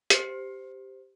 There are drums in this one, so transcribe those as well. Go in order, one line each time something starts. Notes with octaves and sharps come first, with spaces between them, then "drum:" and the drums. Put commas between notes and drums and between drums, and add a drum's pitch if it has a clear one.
G4 C5 C7 C#7, drum: hi-hat